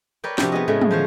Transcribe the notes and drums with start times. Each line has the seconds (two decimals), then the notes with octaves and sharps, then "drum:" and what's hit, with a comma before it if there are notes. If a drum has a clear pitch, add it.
0.24 A#4 B4 C#5 D5 G5
0.38 C3 F3 D4 F#4 G4, drum: snare
0.52 B3 G#4 D#5
0.68 A2 C#3 G#3 A3
0.81 drum: tom
0.91 F3 C5 C#5